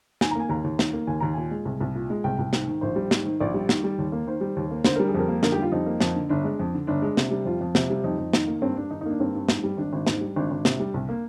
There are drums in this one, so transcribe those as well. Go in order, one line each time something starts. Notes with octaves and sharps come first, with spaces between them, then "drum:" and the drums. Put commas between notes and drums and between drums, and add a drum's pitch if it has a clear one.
D#3 G#5, drum: snare
A#5
A#3 G#5
D#2 A#5
D#2
D#3, drum: snare
A#3
D#2 G#5
D#2 A#5
A#2 G#5
G#3
C2
C2
A#2
G#3
C2 G5
C2
G#2, drum: snare
D#3
A#1 C5
G3
G#2, drum: snare
D#3
A#1 D5
G3
D#3, drum: snare
G3
D#2
A#3
D#3 C5
G3
D#2
A#3
D3 C5, drum: snare
G3 A#4
G#4
F2 A#4
A#3
D3 A#4, drum: snare
G4
G3
F4
F2 D#4
A#3
F2, drum: snare
D3
G1 D4
G#3
F2
D3
G1 D4
G#3
C3, drum: snare
G3
F2 F4
F2
C3, drum: snare
G3
F2 D#4
F2
D#3, drum: snare
A#3
G2 C4
G2 D4
D#3 D#4
D#4
A#3 D4
G2 C4
G2
G#2, drum: snare
G3
G#1 D4
G#1
G#2, drum: snare
G3
G#1 D4
G#1
C3, drum: snare
G3
C2
A#3